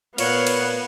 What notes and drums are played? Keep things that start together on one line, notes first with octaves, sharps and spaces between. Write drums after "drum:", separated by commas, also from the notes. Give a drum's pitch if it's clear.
A#2 B3 C#5 F5 F#5, drum: cymbal
drum: cymbal